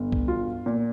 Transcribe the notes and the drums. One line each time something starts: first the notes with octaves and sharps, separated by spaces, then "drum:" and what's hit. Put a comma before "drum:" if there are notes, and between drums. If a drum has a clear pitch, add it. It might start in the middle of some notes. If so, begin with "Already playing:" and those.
Already playing: G1
drum: kick C2
F4
A#2